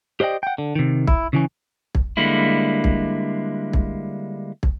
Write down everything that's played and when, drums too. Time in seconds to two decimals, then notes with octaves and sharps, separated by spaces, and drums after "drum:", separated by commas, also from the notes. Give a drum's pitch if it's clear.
0.20 G4 C5 D5 D#5 G5
0.43 F#5 G5
0.58 D3
0.75 C3 D#3
1.08 E4, drum: kick
1.33 C#3 E3 C#4
1.95 drum: kick
2.17 D3 G3 G#3 A#3 E4
2.84 drum: kick
3.73 drum: kick
4.63 drum: kick